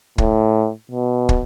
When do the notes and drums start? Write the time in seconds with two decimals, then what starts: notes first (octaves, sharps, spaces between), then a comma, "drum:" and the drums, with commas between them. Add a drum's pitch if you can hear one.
0.18 A2, drum: kick
0.91 B2
1.29 drum: kick